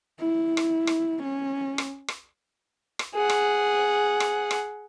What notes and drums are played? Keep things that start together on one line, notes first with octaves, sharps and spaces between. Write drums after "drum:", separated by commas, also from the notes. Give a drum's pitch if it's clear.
E4
drum: rim click
drum: rim click
C#4
drum: rim click
drum: rim click
drum: rim click
G#4 F#5
drum: rim click
drum: rim click
drum: rim click